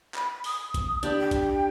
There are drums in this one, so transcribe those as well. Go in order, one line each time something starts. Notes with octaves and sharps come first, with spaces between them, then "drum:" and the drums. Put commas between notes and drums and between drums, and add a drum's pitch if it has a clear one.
B5, drum: clap
D#6, drum: open hi-hat
drum: kick, hi-hat
D4 G4 B5, drum: hi-hat
G5
drum: kick, hi-hat